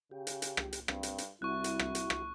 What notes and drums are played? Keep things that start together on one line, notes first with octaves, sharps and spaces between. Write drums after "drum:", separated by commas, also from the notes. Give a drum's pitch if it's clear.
C#3 G4
drum: hi-hat
drum: hi-hat
drum: rim click
drum: hi-hat
G2 C4, drum: rim click
drum: hi-hat
drum: hi-hat
C2 E4 F#4 C#6 F#6
drum: hi-hat
drum: rim click
drum: hi-hat
drum: rim click